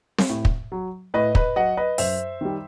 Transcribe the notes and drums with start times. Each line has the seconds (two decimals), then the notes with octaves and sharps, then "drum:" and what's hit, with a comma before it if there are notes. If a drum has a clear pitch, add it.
0.19 drum: snare C4
0.29 A2
0.45 drum: kick
0.72 F#3
1.14 A2 B4 D#5
1.35 B4 D#5, drum: kick
1.56 F#3 D#5 F#5
1.77 B4 D#5
1.98 F#2 C5 E5, drum: open hi-hat
2.41 D#3 G3